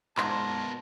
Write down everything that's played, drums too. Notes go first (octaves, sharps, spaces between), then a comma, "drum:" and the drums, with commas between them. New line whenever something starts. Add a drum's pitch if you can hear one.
G#2 B2 A#4 A5 C6, drum: clap